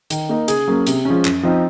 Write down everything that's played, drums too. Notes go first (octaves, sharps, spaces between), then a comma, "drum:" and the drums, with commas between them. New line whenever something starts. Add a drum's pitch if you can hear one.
D#3, drum: hi-hat
A#3 D#4
C#3 G#4, drum: hi-hat
F#3 A#3 C#4
C3, drum: hi-hat
F3 G#3 C#4
F#2, drum: clap
F3 C4 D#4